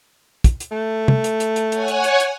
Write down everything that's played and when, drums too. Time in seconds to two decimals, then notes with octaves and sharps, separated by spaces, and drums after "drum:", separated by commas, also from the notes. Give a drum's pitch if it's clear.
0.44 drum: kick, hi-hat
0.60 drum: hi-hat
0.72 A3
1.08 drum: tom
1.24 drum: hi-hat
1.40 drum: hi-hat
1.56 drum: hi-hat
1.72 C#5 F#5 G#5, drum: hi-hat
1.88 drum: hi-hat
2.04 drum: hi-hat
2.20 drum: hi-hat